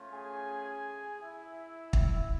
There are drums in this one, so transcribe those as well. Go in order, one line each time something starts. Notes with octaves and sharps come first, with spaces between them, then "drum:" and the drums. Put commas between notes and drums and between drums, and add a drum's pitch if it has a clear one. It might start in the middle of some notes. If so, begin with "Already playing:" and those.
Already playing: A3 C#4 F4
G#4 G#5
E4 E5
drum: kick